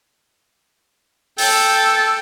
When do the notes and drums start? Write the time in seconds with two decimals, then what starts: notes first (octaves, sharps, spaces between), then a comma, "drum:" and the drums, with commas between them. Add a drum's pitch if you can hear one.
1.38 A4 G5, drum: open hi-hat